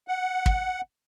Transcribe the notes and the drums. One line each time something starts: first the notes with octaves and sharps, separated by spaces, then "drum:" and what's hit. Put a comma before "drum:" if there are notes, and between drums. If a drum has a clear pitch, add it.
F#5
drum: kick